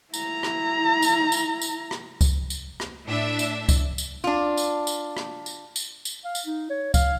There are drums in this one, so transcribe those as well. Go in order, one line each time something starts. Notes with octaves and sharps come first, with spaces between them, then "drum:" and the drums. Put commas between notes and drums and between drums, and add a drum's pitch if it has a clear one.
E4 A#5, drum: tambourine
drum: rim click
drum: tambourine
drum: tambourine
drum: tambourine
drum: rim click
drum: kick C#2, tambourine
drum: tambourine
drum: rim click
A2 D4 E5
drum: tambourine
drum: kick C#2, tambourine
drum: tambourine
D4 F4
drum: tambourine
drum: tambourine
drum: rim click
drum: tambourine
drum: tambourine
drum: tambourine
F5
drum: tambourine
D#4
C#5
F5, drum: kick C#2, tambourine